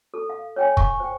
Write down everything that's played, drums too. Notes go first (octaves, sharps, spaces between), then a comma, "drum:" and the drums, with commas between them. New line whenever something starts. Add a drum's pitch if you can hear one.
A4
F5
C#5 G5 G#5
C#6, drum: kick
C5 G5